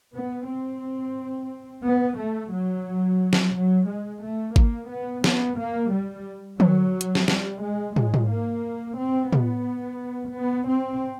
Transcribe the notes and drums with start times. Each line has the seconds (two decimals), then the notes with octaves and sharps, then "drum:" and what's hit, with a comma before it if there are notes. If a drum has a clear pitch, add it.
0.13 B3
0.48 C4
1.84 B3
2.18 A3
2.52 F#3
3.33 drum: snare
3.54 F#3
3.88 G#3
4.22 A3
4.56 A#3, drum: kick G#1
4.90 B3
5.24 B3, drum: snare
5.58 A#3
5.92 G3
6.60 F#3, drum: tom
7.01 drum: hi-hat
7.15 drum: snare
7.28 G3, drum: snare
7.62 G#3
7.96 G#3, drum: tom
8.14 drum: tom
8.31 A#3
8.98 C4
9.33 B3, drum: tom
10.34 B3
10.68 C4